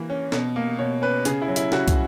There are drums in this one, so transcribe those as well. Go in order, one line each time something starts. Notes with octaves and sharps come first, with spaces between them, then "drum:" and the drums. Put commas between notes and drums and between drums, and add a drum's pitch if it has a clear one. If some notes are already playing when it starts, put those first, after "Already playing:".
Already playing: E3 A#3
C#4
B2, drum: snare
A#3
B2 C#5
C#4 B4
C#3 G#4, drum: hi-hat
E4
F#3
E4, drum: hi-hat
C#3 F#4, drum: snare
drum: kick, hi-hat